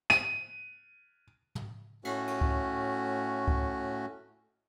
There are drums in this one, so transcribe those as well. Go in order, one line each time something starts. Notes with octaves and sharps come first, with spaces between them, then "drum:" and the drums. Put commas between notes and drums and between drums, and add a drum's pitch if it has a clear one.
D#7, drum: snare
drum: tom
A2 A3 C#4 F#4, drum: cymbal
drum: cymbal
drum: kick C#2
drum: kick C#2